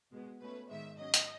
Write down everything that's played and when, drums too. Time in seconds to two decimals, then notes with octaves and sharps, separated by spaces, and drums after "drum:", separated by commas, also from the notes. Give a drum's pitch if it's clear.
0.11 B2 G#3 B3
0.41 B2 A3 C#4 B4
0.70 G#2 D#3 G#3 E5
0.98 B2 F#3 C#4 D#5
1.14 drum: hi-hat